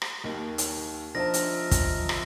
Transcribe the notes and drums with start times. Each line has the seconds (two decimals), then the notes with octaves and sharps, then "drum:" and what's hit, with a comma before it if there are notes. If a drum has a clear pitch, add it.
0.02 drum: rim click
0.24 D#2 D#3
0.58 drum: hi-hat
1.15 F3 D4 A#4 D#5 E5 A5 A#6
1.34 drum: hi-hat
1.71 drum: kick, hi-hat
2.09 drum: rim click